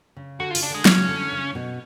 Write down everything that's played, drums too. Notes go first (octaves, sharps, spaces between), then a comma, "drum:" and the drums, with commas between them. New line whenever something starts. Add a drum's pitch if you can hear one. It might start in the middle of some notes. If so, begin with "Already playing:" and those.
C#3
D3 F#4
F4
C#3, drum: open hi-hat
D4
D3 G#3
F#3 C#4, drum: snare
C#3
D3
C#3
B2